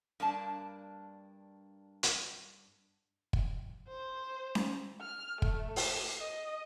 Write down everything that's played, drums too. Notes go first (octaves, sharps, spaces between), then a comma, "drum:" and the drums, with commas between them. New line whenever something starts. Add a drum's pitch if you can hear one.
G2 A#3 D4 A5
drum: hi-hat
drum: kick
C5
drum: snare C#4
F6
A3, drum: kick
drum: open hi-hat
D#5